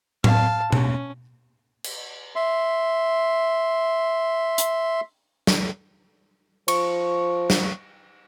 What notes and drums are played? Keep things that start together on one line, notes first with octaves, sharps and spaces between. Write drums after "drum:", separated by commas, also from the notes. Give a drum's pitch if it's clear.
F5 A5, drum: tom A2
C#4, drum: tom B2
drum: cymbal
E5 C6
drum: hi-hat
drum: snare
F3 C#6, drum: cymbal
drum: snare